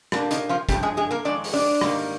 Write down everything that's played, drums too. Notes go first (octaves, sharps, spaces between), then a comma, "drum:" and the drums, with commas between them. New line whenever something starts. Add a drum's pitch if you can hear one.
A#2 G3 A#3 D4, drum: rim click
D#3 D#4, drum: hi-hat
F3 F4
G2 F3 G3 G4, drum: kick, hi-hat
G#3 G#4
G#3 G#4
A#3 A#4
F2 D#3 G#3 D4 D5
drum: open hi-hat
D4 D5
G#2 D#3 G3 A#3, drum: rim click